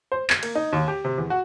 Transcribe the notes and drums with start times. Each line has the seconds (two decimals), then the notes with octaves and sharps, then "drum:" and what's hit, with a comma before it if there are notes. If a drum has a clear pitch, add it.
0.12 C5
0.30 G#6, drum: clap
0.43 A#3, drum: cymbal
0.55 D#4
0.73 D#2
0.88 G4
1.05 C3
1.18 E2
1.30 F#4